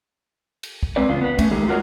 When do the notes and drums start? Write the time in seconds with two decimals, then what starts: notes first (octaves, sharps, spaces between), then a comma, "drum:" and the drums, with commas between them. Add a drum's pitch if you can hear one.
0.63 drum: cymbal
0.83 drum: kick
0.96 G#3 C4 B4 D5
1.08 E2 C#3 D4 F4
1.21 B3 B4
1.39 A3 C#4, drum: kick, cymbal
1.51 D#3 G#3 D#4 G4 A4
1.67 G#3 F4 F#4 A#4 C#5 D#5